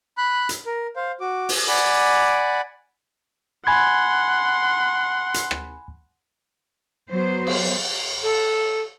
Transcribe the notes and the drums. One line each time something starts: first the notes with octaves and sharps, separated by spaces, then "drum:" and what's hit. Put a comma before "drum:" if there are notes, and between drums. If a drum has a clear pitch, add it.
B5 F#6
drum: hi-hat
A#4
C5 F5
F#4 D6
drum: open hi-hat
D5 F#5 G#5 B5 D6
F#5 G#5 B5 C6 G#6
drum: hi-hat
drum: rim click
F#3 B3 C5
drum: cymbal
A4